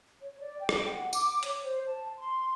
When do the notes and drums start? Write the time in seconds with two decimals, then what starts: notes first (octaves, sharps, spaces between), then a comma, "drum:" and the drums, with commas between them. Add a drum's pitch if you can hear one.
0.21 C#5
0.41 D5
0.60 G5
0.69 drum: rim click
0.91 F#5
1.13 D6, drum: tambourine
1.43 C#5, drum: hi-hat
1.63 C5
1.85 A5
2.17 C6